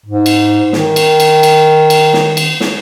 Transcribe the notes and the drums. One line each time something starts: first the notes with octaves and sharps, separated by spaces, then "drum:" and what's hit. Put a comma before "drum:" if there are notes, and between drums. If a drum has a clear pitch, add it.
G#2
drum: cymbal
D#3, drum: snare
drum: cymbal
drum: cymbal
drum: cymbal
drum: cymbal
drum: snare
drum: cymbal
drum: snare